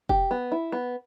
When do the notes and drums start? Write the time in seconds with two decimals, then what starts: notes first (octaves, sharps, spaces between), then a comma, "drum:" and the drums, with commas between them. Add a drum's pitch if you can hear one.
0.09 G4, drum: kick
0.31 B3
0.52 E4
0.72 B3